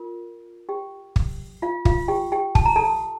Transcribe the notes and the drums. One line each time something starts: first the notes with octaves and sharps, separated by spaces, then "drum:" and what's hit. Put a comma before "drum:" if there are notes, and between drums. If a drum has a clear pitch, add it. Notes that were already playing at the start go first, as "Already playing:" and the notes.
Already playing: F4 A#4
G4 G5
drum: kick
F4 F5
F4 F5, drum: kick
G4 G5
G4 G5
A5, drum: kick
A#5
A4 A5